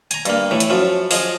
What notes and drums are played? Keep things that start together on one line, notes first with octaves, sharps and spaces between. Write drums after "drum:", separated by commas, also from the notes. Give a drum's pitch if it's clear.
G#5 A#5, drum: hi-hat
G2 A#3, drum: hi-hat
A2 E3
drum: hi-hat
F#2 F3
F3 G#4 D#5, drum: open hi-hat